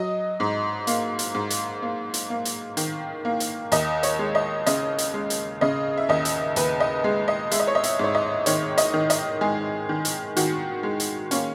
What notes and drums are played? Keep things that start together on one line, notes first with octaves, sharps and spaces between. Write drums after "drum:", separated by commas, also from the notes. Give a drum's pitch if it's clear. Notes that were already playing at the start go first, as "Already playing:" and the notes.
Already playing: F#3 D#5
G#2
A#3, drum: hi-hat
drum: hi-hat
G#2
drum: hi-hat
A#3
drum: hi-hat
A#3
drum: hi-hat
D#3, drum: hi-hat
A#3
drum: hi-hat
D#2 D#5, drum: hi-hat
C#5, drum: hi-hat
G#3
D#5
C#3 D#5, drum: hi-hat
drum: hi-hat
G#3
drum: hi-hat
C#3 D#5
E5
D#2 D#5
drum: hi-hat
D#2 B4, drum: hi-hat
D#5
G#3
D#5
G#3 E5, drum: hi-hat
D#5
C#5
D#5
E5, drum: hi-hat
G#2 C#5
D#5
D#3 C#5, drum: hi-hat
D#5, drum: hi-hat
D#3
D#5, drum: hi-hat
G#3 G#4
D#3
drum: hi-hat
D#3 F#4, drum: hi-hat
G#3
drum: hi-hat
A#3 C#4, drum: hi-hat